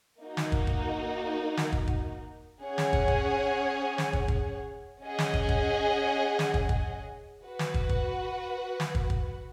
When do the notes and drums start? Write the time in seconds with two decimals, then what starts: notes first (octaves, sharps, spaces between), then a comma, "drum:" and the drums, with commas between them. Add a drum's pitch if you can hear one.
0.22 A#3 D#4 F#4
0.37 drum: snare
0.52 drum: kick
0.67 drum: kick
1.57 drum: snare
1.72 drum: kick
1.88 drum: kick
2.63 C#4 G#4 C#5 F#5
2.78 drum: snare
2.93 drum: kick
3.08 drum: kick
3.98 drum: snare
4.13 drum: kick
4.28 drum: kick
5.03 C#4 G#4 D#5 F#5
5.19 drum: snare
5.34 drum: kick
5.49 drum: kick
6.39 drum: snare
6.54 drum: kick
6.69 drum: kick
7.45 F#4 B4 F#5
7.59 drum: snare
7.74 drum: kick
7.89 drum: kick
8.80 drum: snare
8.95 drum: kick
9.10 drum: kick